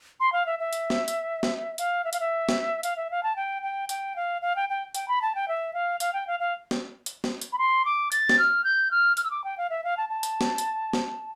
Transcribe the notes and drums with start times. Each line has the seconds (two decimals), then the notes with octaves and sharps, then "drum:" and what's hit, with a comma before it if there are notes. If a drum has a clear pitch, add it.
0.20 C6
0.32 F5
0.46 E5
0.59 E5
0.73 drum: hi-hat
0.90 drum: snare
1.08 drum: hi-hat
1.43 drum: snare
1.78 F5, drum: hi-hat
2.05 E5
2.13 F5, drum: hi-hat
2.20 E5
2.49 drum: snare
2.83 F5, drum: hi-hat
2.96 E5
3.11 F5
3.23 A5
3.36 G5
3.62 G5
3.89 G5, drum: hi-hat
4.16 F5
4.42 F5
4.56 G5
4.69 G5
4.95 G5, drum: hi-hat
5.08 B5
5.22 A5
5.35 G5
5.48 E5
5.74 F5
6.00 F5, drum: hi-hat
6.13 G5
6.27 F5
6.40 F5
6.71 drum: snare
7.06 drum: hi-hat
7.24 drum: snare
7.41 drum: hi-hat
7.53 B5
7.58 C6
7.85 D6
8.12 A6, drum: hi-hat
8.29 drum: snare
8.39 F6
8.64 G6
8.91 F6
9.17 F6, drum: hi-hat
9.24 E6
9.31 D6
9.44 G5
9.58 F5
9.70 E5
9.84 F5
9.97 A5
10.09 A5
10.23 drum: hi-hat
10.41 drum: snare
10.58 drum: hi-hat
10.93 drum: snare